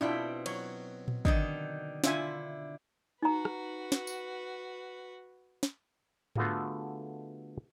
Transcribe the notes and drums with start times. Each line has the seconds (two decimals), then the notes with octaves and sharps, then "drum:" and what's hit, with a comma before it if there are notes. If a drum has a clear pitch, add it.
0.01 B2 C4 D4 E4 F4 G5
0.46 F#3 C#5, drum: cymbal
1.08 drum: tom A#2
1.25 D3 D#3 D#4 D#5, drum: kick
2.04 D3 E4 F4 E5 G#5, drum: snare
3.22 D#4 F#4 B4 A#5
3.45 drum: rim click
3.92 drum: snare
4.07 drum: tambourine
5.63 drum: snare
6.36 D3 A3 B3 F4 F#4 G#4, drum: tom G#2